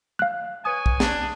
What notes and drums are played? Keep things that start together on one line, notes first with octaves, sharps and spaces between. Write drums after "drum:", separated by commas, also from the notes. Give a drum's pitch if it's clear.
F5 F#6
B4 C#5 G#5 D#6
drum: kick
D4, drum: snare